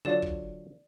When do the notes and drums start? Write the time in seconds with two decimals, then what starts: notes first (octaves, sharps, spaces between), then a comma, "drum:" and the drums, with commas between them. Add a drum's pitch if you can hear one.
0.05 D3 F#3 F4 D5 E7
0.22 drum: kick